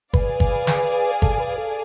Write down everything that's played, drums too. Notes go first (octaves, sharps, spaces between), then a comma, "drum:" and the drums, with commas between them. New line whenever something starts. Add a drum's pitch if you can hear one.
G#4 B4 D5 F5 G#5, drum: kick G1
drum: kick G1
drum: snare
A4, drum: kick G1
B4
A4